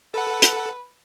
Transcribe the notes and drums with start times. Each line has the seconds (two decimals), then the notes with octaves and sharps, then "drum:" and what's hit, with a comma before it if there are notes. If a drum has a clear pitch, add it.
0.14 A4 B4 F#5
0.42 drum: hi-hat